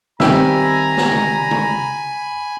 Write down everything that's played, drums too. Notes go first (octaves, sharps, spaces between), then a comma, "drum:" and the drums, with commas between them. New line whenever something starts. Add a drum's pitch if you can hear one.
D#3 G3 C4 G4 E5 G#5 A#5 B5, drum: snare
drum: snare
drum: tom
drum: tom